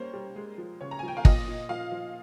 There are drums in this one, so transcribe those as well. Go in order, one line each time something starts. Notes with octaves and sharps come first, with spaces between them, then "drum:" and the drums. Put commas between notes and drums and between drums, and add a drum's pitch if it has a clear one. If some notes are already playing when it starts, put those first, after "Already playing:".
Already playing: G3 A#3 C5 C#5
G3
G#3
F3
C#3 C#5
A#5
G#5
F3
G5
F5
A#2 D#5, drum: kick
A#2
F3 F5
F3